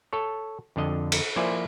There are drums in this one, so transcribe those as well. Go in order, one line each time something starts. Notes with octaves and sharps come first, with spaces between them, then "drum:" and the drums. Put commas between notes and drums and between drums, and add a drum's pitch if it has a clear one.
A4 C#5
F2 D3 D#5
drum: cymbal
F3 A#3 E4 C5 D5 G#5